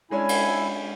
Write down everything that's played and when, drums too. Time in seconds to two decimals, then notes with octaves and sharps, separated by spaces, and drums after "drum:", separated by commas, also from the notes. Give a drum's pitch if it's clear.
0.11 G#3 C#4 D4 E4 G#5
0.29 drum: cymbal